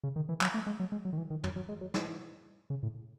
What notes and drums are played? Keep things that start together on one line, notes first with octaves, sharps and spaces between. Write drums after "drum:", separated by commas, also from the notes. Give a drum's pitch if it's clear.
C#3
D#3
E3
F#3, drum: clap
A3
G#3
F#3
G#3
F#3
D#3
E3
D#3
F#3, drum: tom
F#3
G#3
F#3
E3, drum: snare
C#3
A2